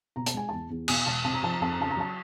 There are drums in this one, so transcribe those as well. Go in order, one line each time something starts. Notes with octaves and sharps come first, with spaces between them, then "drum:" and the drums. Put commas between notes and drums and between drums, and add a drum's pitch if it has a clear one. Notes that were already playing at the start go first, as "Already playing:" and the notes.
B2 A#5
A5, drum: hi-hat
G#3 G#5
E2 A5
E2
B2 G#5, drum: cymbal
E1 A5
C3 A5
A#5
F3 A5
A#5
F2 A5
A#5
C#3 A5
A#5
F#3 A5